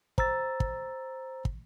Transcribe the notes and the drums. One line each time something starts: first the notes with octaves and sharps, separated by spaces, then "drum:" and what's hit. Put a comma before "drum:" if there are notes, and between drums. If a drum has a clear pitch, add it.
C5 A#5 E6 A6, drum: kick
drum: kick
drum: kick